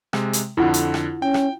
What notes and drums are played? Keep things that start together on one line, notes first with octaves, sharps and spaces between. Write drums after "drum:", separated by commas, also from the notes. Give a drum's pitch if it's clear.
C3 G#3, drum: rim click
drum: hi-hat
F2 D3 E4 F4 F#5
drum: hi-hat
drum: rim click
C#4 G5
drum: rim click